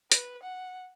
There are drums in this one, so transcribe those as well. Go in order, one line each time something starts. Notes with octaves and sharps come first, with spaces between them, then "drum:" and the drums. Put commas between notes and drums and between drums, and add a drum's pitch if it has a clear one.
B4, drum: hi-hat
F#5